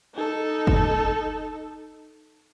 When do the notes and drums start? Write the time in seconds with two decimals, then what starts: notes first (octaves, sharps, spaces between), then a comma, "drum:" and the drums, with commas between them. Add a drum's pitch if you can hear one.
0.14 D#4 A4
0.67 drum: kick